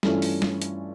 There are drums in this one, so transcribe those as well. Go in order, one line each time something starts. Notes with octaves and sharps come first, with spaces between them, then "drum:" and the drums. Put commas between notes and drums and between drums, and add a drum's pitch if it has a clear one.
G2 E3 A3 C#4 F4, drum: snare
drum: open hi-hat
drum: snare
drum: hi-hat